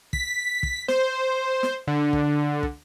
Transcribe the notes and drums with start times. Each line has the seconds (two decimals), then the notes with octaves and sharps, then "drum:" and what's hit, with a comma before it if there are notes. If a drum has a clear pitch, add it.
0.13 B6, drum: kick
0.63 drum: kick
0.88 C5, drum: snare
1.63 drum: snare
1.87 D3
2.13 drum: kick
2.63 drum: kick